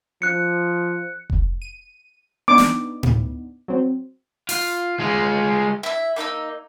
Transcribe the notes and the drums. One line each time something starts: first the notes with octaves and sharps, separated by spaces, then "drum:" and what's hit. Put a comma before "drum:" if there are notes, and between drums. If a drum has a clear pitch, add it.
F3 F#6 C#7
drum: kick F1
D#7
B3 D4 D#4 D6
drum: snare
drum: tom A2
F#3 C4
F4, drum: open hi-hat
G#3 F4
E4 E5
A#3 D#4 D#5 E6